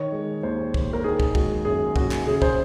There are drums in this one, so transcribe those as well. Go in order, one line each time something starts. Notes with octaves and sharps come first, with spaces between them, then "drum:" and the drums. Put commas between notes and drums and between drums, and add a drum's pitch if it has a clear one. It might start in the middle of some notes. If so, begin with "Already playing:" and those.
Already playing: D#3 C#5
G#3
D#2 C5
D#2, drum: kick
A#4
D#3 G#4
drum: kick
G#3 F#4, drum: kick
F#2 G#4
F#2 F#4, drum: kick
drum: clap
C#3 G#4
C5, drum: kick